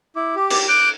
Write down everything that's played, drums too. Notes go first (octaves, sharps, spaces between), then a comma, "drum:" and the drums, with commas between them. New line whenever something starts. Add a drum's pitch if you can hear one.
E4 D6
G4
drum: cymbal
F#6 G6 D7